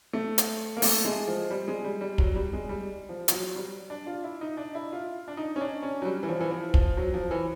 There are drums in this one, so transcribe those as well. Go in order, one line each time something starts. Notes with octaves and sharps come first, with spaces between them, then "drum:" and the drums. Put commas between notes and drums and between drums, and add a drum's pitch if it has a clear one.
A3
drum: hi-hat
A#3
A3, drum: open hi-hat
G#3
F3
G3
G#3
G3
G3
F#3, drum: kick
G3
G#3
G3
F3
F3, drum: hi-hat
F#3
G3
D4
F4
E4
D#4
D4
E4
F4
D4
D#4
C#4
D4
C#4
F#3
G3
E3
F3
E3
F3
F3, drum: kick
F#3
F3
E3